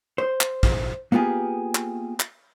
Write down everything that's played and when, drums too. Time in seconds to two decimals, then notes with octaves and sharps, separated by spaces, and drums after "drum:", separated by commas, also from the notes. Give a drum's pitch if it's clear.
0.18 C5
0.41 drum: clap
0.63 drum: kick A1
1.12 A#3 B3 F4 G4 G#4
1.75 drum: clap
2.20 drum: clap